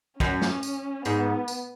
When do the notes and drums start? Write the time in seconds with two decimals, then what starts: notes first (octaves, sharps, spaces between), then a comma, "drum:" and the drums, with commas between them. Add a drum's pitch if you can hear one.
0.20 F#2 C#4, drum: kick
0.42 drum: snare
0.63 drum: tambourine
1.05 G#2 B3, drum: tambourine
1.48 drum: tambourine